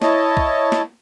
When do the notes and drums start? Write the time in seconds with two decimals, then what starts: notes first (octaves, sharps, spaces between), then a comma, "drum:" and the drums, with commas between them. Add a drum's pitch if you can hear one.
0.02 E4 C#5 D#5 A5, drum: snare
0.37 drum: kick
0.72 drum: snare